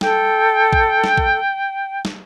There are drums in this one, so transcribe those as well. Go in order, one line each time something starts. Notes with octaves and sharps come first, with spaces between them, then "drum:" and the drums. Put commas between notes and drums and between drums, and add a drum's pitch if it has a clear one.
A4 G5, drum: snare
drum: kick A#1
drum: snare
drum: kick A#1
drum: snare